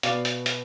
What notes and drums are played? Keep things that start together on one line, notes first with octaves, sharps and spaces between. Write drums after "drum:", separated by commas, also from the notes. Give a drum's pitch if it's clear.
B2 B3 D5 F5, drum: hi-hat
drum: hi-hat
drum: hi-hat